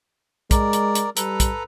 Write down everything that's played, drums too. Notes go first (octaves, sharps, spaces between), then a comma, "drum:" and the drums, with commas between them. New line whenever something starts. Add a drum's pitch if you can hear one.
G#3 A#4 D5, drum: kick, hi-hat
drum: hi-hat
drum: hi-hat
G3 A4 B4 A#5, drum: hi-hat
drum: kick, hi-hat